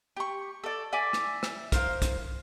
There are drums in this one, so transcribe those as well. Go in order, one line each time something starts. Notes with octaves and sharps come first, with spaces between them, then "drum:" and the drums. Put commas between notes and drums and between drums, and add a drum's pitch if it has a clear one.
G4 C#6
A4 D5
D5 E5 G#5 D6
drum: rim click
drum: rim click
A#4 C5 F5, drum: kick, hi-hat
drum: kick, hi-hat